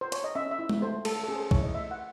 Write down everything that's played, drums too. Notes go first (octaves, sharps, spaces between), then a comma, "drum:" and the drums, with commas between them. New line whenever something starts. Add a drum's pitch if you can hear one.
C5
C#5, drum: hi-hat
D#5
C#4 E5
E5
E4
drum: tom G#3
A3 C5
A3 A4, drum: cymbal
A4
C#4 G#4
C5
A4
E4 C#5, drum: kick
D#5
A3 E5
F#5